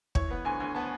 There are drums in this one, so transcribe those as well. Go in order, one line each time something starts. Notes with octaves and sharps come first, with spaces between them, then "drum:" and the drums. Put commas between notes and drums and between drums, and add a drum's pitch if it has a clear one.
E3 C#5, drum: kick
B3 B4
D2 G#5
D2
B3 A5